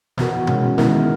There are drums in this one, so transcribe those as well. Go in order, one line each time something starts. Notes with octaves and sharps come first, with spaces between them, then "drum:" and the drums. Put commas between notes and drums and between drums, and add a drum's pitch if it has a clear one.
E3 B3 F#4 A#4, drum: snare
C#3 G#3 C#4 F#4, drum: tom B2
D#3 G#3 B3 E4 A#4, drum: snare